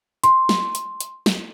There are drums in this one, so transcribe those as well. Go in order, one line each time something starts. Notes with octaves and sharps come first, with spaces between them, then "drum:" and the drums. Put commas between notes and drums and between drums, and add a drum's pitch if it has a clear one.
C6, drum: hi-hat
drum: snare
drum: hi-hat
drum: hi-hat
drum: snare